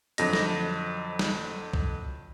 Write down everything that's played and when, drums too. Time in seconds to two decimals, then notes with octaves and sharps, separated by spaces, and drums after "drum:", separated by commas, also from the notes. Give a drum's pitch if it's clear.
0.18 F2 D3 F#3 D#5 A#6, drum: hi-hat
0.33 drum: snare
1.19 drum: snare
1.73 drum: kick B1